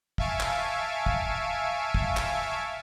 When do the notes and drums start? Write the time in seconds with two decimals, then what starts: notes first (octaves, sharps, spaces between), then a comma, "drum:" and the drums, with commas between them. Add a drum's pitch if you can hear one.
0.18 E5 F5 G#5 A5 C#6 D7, drum: kick
0.40 drum: clap
1.06 drum: kick
1.95 drum: kick
2.17 drum: clap